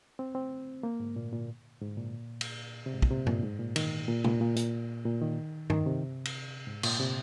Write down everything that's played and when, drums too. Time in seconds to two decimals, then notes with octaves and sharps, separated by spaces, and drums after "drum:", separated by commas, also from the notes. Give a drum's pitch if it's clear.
0.19 C4
0.35 C4
0.83 A#3
1.00 G#2
1.16 A#2
1.32 A#2
1.81 G#2
1.97 A#2
2.41 drum: cymbal
2.86 C3
2.94 G#2
3.02 A#2, drum: kick
3.11 C3
3.27 A#2, drum: tom G2
3.43 G#2
3.59 A#2
3.76 D#3, drum: cymbal
4.08 A#2
4.24 A#2, drum: tom
4.40 A#2
4.56 A#2, drum: hi-hat
5.05 A#2
5.21 D#3
5.70 D#3, drum: tom G2
5.86 C3
6.25 drum: cymbal
6.67 G#2
6.83 A#2, drum: cymbal
6.99 C3